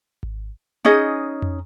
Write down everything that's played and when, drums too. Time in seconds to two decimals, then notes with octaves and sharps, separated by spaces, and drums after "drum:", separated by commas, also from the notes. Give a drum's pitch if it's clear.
0.23 drum: kick G#1
0.85 C#4 D#4 G#4 D#5
1.42 drum: tom F2